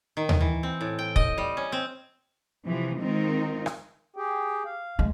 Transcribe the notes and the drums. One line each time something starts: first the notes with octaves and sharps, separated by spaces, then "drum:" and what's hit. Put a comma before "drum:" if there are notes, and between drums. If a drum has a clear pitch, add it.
D#3
drum: tom D#2
E3
C4
A2
G5
D#5, drum: kick
G3
C#4
C4
C3 E3 F3
D#3 G#3 C4 D#4 F4 A#4
drum: rim click
G4 G#4 G5
F5
D2 G#3